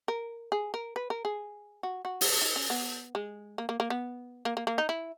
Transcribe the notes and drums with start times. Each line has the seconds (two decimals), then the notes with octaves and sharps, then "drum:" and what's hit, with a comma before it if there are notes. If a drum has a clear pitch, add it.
0.08 A#4
0.52 G#4
0.74 A#4
0.96 B4
1.10 A#4
1.25 G#4
1.83 F#4
2.05 F#4
2.21 drum: open hi-hat
2.42 D#4
2.56 C#4
2.70 B3
3.15 G#3
3.58 A#3
3.69 A#3
3.80 A#3
3.90 B3
4.45 A#3
4.57 A#3
4.67 A#3
4.78 D#4
4.89 E4